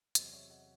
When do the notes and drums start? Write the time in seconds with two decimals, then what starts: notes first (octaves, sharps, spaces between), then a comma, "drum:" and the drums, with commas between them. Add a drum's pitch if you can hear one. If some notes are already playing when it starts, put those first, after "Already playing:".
0.15 E2 C3 F#3 C5 D#5, drum: hi-hat
0.33 C#5 E5
0.50 D#5 F#5